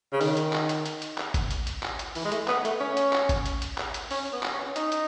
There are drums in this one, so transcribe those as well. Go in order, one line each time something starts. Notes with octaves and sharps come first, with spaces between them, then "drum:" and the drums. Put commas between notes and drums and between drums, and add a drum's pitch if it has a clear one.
C#3
D#3, drum: open hi-hat
drum: hi-hat
drum: clap
drum: hi-hat
drum: hi-hat
drum: hi-hat
drum: clap
drum: kick G#1, hi-hat
drum: hi-hat
drum: hi-hat
drum: clap
drum: hi-hat
E3, drum: open hi-hat
G#3
A3, drum: hi-hat
B3, drum: clap
A3, drum: hi-hat
C#4
drum: hi-hat
drum: clap
drum: kick G#1, hi-hat
drum: hi-hat
drum: hi-hat
drum: clap
drum: hi-hat
C#4, drum: open hi-hat
B3
drum: clap
C#4
D#4, drum: hi-hat
drum: hi-hat